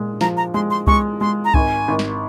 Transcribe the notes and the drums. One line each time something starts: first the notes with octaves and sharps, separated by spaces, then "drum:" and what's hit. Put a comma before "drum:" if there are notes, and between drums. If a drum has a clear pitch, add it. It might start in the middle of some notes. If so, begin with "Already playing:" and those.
Already playing: A#2 G#3
F3 A#5, drum: snare
A#5
G#3 C6
C6
G#3 C#6, drum: kick C2
G#3 C6
A#5
G#1 G#5, drum: kick C2
G#1
drum: snare